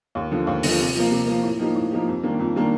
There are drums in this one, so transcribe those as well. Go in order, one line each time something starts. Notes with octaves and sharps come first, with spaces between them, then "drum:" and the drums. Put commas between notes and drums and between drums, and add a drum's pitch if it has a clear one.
D#2
D3 F3
D#2
D3 F3, drum: open hi-hat
C3
F3 A#3
C3
F3 A#3
A2
F3 A#3 D#4 G4
A2
F3 A#3 D#4 G4
F2
D#3 G3 A#3 D4
F2
D#3 G3 A#3 D4